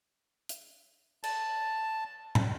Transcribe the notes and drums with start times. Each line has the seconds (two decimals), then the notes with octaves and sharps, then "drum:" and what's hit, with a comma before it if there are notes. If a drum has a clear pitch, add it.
0.49 drum: hi-hat
1.24 A5, drum: cymbal
2.35 drum: tom A2